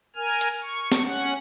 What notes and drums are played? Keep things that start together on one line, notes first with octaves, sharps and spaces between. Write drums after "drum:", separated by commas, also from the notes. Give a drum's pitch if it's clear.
A#4 G#5 F6
drum: hi-hat
C#6
drum: snare
C#4 F#5